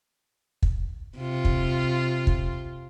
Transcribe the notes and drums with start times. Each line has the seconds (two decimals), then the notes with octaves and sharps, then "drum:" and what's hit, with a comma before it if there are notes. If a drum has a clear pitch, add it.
0.63 drum: kick
1.17 C3 F4
1.45 drum: kick
2.27 drum: kick